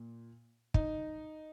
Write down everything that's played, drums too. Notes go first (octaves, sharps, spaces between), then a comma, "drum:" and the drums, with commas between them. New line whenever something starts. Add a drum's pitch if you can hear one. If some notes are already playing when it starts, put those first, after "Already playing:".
Already playing: A#2
D#4, drum: kick